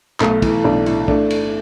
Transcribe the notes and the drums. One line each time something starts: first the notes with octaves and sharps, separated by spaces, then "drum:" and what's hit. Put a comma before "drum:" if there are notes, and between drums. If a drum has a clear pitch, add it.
B1 A3, drum: clap
E3, drum: kick, cymbal
B1 A3 D4
A2, drum: cymbal
A3 D4, drum: kick
drum: cymbal